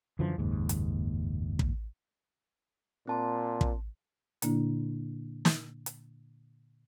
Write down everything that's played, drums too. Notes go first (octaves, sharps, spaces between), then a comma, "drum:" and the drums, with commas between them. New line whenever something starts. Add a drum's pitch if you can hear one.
F#2 D3 E3 F3
F#1 D#2 G#2
drum: hi-hat
drum: kick
A#2 C4 A5 C6
drum: kick
A#2 D3 A#3 D4 E4, drum: hi-hat
drum: snare
drum: hi-hat